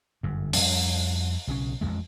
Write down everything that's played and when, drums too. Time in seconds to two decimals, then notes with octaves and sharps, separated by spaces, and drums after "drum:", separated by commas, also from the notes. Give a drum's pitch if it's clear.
0.23 G1 F#2
0.53 F2 G3 C#4, drum: open hi-hat
1.47 B1 C#3 C#4
1.81 A1 F2 A2 G#3